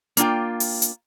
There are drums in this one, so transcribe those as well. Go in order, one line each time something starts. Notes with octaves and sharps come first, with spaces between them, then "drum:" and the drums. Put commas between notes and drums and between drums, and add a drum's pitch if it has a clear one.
A#3 D4 F4 G5, drum: hi-hat
drum: open hi-hat
drum: hi-hat